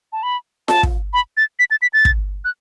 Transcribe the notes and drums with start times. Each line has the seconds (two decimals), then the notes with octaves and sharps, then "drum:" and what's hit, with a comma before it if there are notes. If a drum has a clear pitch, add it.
0.13 A5
0.23 B5
0.68 A5, drum: snare F4
0.83 drum: kick
1.13 B5
1.37 A6
1.59 B6
1.71 A6
1.82 B6
1.93 A6
2.05 drum: kick
2.45 F#6